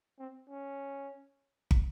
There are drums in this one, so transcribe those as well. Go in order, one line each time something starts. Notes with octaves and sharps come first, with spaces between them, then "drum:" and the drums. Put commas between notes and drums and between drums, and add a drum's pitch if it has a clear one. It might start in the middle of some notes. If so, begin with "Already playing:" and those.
C4
C#4
drum: kick